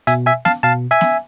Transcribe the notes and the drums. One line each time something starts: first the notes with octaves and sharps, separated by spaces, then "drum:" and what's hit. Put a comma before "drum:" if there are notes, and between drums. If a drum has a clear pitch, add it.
B2 E5 G#5, drum: hi-hat
E5 G#5
F5 A5, drum: snare B3
B2 F5 A5
E5 G#5
drum: snare B3